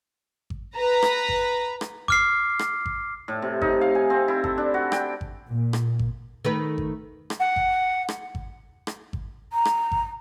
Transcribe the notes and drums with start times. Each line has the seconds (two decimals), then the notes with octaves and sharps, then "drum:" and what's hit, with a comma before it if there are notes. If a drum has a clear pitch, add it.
0.50 drum: kick G#1
0.76 B4 A#5
1.02 drum: rim click
1.29 drum: kick G#1
1.81 drum: rim click
2.08 D6 F6 C7, drum: kick G#1
2.59 drum: rim click
2.86 drum: kick G#1
3.28 A2
3.42 C3
3.62 D#4, drum: kick G#1
3.81 F5
3.95 G#5
4.10 C4
4.28 E4
4.44 A4, drum: kick G#1
4.58 D4
4.74 F#4
4.92 G5, drum: rim click
5.21 drum: kick G#1
5.52 A#2
5.73 drum: rim click
5.99 drum: kick G#1
6.45 D#3 A3 B4
6.78 drum: kick G#1
7.30 drum: rim click
7.39 F#5
7.56 drum: kick G#1
8.09 drum: rim click
8.35 drum: kick G#1
8.87 drum: rim click
9.13 drum: kick G#1
9.53 A#5
9.65 drum: rim click
9.92 drum: kick G#1